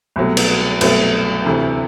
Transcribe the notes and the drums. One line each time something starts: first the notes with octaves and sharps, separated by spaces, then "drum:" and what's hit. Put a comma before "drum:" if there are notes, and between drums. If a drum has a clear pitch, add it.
C2 B2 F#3 A3
drum: cymbal
C2 B2 F#3 A3, drum: cymbal
D2 C3 E3 A3